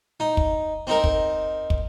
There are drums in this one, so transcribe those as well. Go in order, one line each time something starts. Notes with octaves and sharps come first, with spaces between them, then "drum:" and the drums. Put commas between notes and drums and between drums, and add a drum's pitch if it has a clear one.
D#4
drum: kick
C4 D#4 A#4
drum: kick
drum: kick